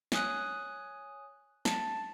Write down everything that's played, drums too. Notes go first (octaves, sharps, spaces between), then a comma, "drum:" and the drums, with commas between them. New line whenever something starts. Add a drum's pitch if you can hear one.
C#5 G#5 D#6 F#6, drum: snare
A5, drum: snare